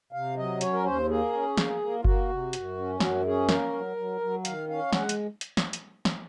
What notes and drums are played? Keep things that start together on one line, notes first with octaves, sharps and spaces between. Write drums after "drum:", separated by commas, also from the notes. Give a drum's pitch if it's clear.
C3 F5
F#3 D#5
C#4 C#5, drum: hi-hat
A#4
D#2 C5
A#3 G#4
C#4
A#3, drum: snare
A#3
F4
A#3 F#4, drum: kick F#1
C3
F#2, drum: hi-hat
C#4
F#2 F#4, drum: snare
C#4 G#4
A#3 A#4, drum: snare
F#3
F#3
F#3
D#3 F5, drum: hi-hat
C#4 F5
G#3 F#5, drum: snare
drum: hi-hat
drum: hi-hat
drum: snare
drum: hi-hat
drum: snare